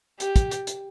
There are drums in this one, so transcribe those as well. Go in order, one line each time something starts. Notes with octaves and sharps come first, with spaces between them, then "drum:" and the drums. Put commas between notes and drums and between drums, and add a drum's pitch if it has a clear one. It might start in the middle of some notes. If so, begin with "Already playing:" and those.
G4, drum: hi-hat
drum: kick, hi-hat
drum: hi-hat
drum: hi-hat